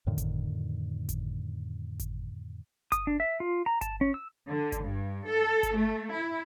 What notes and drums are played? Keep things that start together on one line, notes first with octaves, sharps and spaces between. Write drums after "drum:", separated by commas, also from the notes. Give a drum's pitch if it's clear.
F2 A2 D3 D#3
drum: kick G1, hi-hat
drum: kick G1, hi-hat
drum: kick G1, hi-hat
D#6, drum: kick G1, hi-hat
D4
E5
F4
A#5
A5, drum: kick G1, hi-hat
C#4
E6
D3
drum: kick G1, hi-hat
G2
A4
drum: kick G1, hi-hat
A3
E4